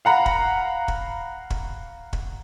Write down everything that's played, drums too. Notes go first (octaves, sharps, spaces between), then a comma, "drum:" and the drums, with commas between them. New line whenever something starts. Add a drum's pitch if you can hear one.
F5 F#5 A#5 B5
drum: kick
drum: kick
drum: kick
drum: kick